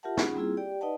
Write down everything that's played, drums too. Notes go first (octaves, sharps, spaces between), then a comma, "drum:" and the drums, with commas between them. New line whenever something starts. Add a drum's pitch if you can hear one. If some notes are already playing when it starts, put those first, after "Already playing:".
F4 G4 A#4 E5 F#5 A5
C#4 D#4 F4 G#4 F#5 B5, drum: snare
G3 A#3 C4 E4 F4 G#4
G4 D5 G5
D#4 B4 D5 D#5 F#5 A5